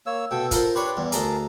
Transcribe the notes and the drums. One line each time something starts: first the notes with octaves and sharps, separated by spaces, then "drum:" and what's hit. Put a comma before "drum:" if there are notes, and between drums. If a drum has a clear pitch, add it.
A#3 C#5 E6
B2 A4 G5 E6
F4 A4 A#4 C5, drum: kick, hi-hat
D4 G4 B4 C#5 D5 C6
E2 G2
D2 G#4 A#4 A5 A#5, drum: hi-hat